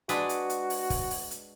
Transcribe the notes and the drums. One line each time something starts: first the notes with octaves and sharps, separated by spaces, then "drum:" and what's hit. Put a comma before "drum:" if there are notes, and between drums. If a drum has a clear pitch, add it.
G#3 D4 F#4 B4, drum: hi-hat
drum: hi-hat
drum: hi-hat
drum: open hi-hat
drum: kick, open hi-hat
drum: open hi-hat
drum: hi-hat